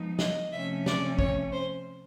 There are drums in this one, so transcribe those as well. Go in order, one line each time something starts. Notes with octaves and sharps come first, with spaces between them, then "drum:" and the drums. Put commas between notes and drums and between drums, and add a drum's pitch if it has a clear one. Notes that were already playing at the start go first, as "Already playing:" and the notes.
Already playing: F3 G#3 B3 D#4
D#5, drum: snare
C3 F3 A3 C#4 E5
D5, drum: snare
C#5, drum: kick
C5